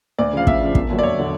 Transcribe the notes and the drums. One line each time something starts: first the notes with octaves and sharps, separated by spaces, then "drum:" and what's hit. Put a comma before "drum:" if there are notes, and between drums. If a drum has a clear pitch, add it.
D2 D5
C#3 F3 F5
D2 E5, drum: kick
C#3 F3
E1, drum: kick
D#2 D3 F#3
D5
E1 C#5
D3 F#3